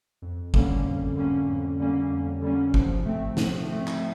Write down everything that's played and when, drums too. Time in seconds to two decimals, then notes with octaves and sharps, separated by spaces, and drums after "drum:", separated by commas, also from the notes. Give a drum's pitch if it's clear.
0.22 F2
0.54 D3 G3 A#3 C#4, drum: kick F#1
0.85 F2
1.16 D3 G3 A#3 C#4
1.48 F2
1.79 D3 G3 A#3 C#4
2.10 F2
2.42 D3 G3 A#3 C#4
2.74 F3, drum: kick F#1
3.05 A3 C4
3.37 F3, drum: snare
3.68 A3 C4
3.87 drum: clap